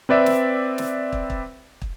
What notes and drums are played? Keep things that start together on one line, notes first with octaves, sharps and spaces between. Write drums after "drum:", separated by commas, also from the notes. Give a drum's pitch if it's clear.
C4 B4 D5 E5
drum: snare
drum: snare
drum: kick
drum: kick
drum: kick